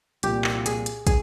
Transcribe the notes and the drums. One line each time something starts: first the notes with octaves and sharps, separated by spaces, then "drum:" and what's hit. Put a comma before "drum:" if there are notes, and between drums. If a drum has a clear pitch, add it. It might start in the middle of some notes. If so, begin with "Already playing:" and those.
C2 A#2 F3 G4, drum: hi-hat
drum: clap
G#4, drum: hi-hat
drum: hi-hat
G#4, drum: kick, hi-hat